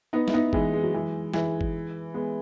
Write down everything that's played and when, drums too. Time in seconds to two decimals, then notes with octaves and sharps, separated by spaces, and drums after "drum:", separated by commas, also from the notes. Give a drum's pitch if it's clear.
0.13 B3 D#4
0.28 E4, drum: snare
0.33 B3 D#4
0.53 E3 G#3, drum: kick
0.74 G#3
0.83 F#3
0.94 E3 G#3
1.34 E3 G#3, drum: snare
1.61 drum: kick
2.14 G#3 B3